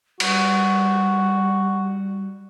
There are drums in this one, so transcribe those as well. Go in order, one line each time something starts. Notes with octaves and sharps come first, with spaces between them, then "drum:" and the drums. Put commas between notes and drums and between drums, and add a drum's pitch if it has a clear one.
G3 F#4, drum: cymbal